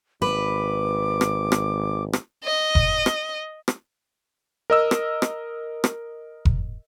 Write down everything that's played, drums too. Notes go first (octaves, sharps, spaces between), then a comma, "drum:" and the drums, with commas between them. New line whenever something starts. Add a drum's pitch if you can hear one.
G#1 B4 D6
drum: rim click
drum: rim click
drum: rim click
D#5
drum: kick F1
drum: rim click
drum: rim click
A#4 D#5 E6
drum: rim click
drum: rim click
drum: rim click
drum: kick F1